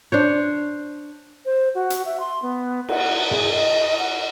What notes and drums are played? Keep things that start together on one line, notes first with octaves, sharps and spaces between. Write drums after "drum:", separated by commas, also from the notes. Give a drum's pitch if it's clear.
D4 C5 C#5
C5
F#4
drum: hi-hat
E5
C6
B3
F#5, drum: cymbal
G#4, drum: tom
D#5
F#5